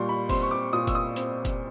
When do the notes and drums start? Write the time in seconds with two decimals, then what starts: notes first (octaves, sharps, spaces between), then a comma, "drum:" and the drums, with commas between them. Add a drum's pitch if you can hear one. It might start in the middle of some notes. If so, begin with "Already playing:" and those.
Already playing: A#2 G3 C6 C#6
0.09 B5
0.29 C4 C6, drum: kick F1, open hi-hat
0.42 C#6
0.51 D6
0.73 A#2 D#6
0.87 E6, drum: kick F1, hi-hat
0.95 D#6
1.16 C4, drum: hi-hat
1.45 drum: kick F1, hi-hat